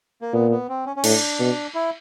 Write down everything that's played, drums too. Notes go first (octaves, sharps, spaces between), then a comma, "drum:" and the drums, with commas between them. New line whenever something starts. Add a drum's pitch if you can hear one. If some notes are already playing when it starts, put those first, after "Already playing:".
A#3
A#2 B3
B3
C4
C#4
C#4
A2 D4, drum: cymbal
B2
E4